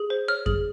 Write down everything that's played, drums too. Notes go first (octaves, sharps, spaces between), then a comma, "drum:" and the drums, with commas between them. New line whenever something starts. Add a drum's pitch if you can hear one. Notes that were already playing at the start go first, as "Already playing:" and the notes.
Already playing: G#4
C5
C#5 F6
G#4, drum: kick F#2